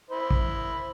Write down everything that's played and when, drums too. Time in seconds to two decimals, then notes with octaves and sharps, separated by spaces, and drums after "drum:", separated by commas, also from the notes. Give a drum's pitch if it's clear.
0.11 E4 C5
0.31 drum: kick